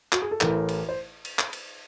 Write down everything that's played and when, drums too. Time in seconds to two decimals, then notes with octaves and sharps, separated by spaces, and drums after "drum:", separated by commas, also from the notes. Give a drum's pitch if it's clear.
0.12 F#4, drum: clap
0.22 G#4
0.31 A4
0.41 A1 A2 E3 A3 A#4, drum: clap
0.69 drum: cymbal
0.89 C5
1.25 drum: cymbal
1.39 drum: clap
1.53 drum: cymbal